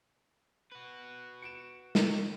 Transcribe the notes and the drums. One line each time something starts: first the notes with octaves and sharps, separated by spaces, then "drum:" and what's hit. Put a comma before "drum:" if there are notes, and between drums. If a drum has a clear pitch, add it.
F#4 B4
C#7 D7 E7
drum: snare